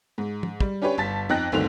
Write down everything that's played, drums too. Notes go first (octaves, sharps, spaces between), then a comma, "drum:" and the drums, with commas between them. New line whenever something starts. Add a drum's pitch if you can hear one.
G#2
drum: tom
G3, drum: kick
C#4 D4 G4 B4 C#5
G1 A5 A6 B6
F2 D#4 G5 F#6 A#6
G1 D2 D3 D#3 C4 F7